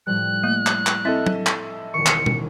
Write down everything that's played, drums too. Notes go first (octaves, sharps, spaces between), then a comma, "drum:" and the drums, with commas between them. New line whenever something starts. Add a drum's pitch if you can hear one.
A2 F3 G3 F#6
A3 A#3
drum: clap
drum: clap
C4 E4 A4 D#5 E5
drum: tom
drum: clap
E1 D#3 C#6 C#7
drum: clap
drum: tom B2